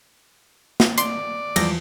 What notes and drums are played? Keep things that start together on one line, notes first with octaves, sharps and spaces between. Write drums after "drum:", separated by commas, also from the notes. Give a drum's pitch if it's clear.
drum: snare
D5 C6, drum: hi-hat
E2 F3 G3 G#3 A#6, drum: cymbal